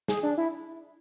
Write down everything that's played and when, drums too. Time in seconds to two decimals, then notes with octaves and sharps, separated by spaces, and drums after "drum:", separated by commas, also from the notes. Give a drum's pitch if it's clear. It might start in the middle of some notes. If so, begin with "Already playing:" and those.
0.08 G#4, drum: snare
0.23 D4
0.37 E4